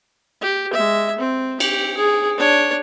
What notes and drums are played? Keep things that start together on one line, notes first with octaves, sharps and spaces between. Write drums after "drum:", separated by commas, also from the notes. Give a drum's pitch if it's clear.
G4
G#3 E5
C4
G4, drum: cymbal
G#4
D4 C#5